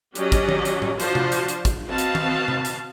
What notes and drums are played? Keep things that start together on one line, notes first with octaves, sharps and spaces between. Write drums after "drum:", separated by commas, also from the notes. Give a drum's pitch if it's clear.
F#3 C#4 G4 D5 D#5, drum: hi-hat
drum: kick, hi-hat
drum: tom D#3
drum: hi-hat
drum: tom A2
F3 D4 F4 F#4 C5 A5, drum: hi-hat
drum: tom C3
drum: hi-hat
drum: hi-hat
drum: kick, hi-hat
C4 F#4 B4 D#5 F5 A5
drum: hi-hat
drum: tom D#3
drum: tom C3
drum: hi-hat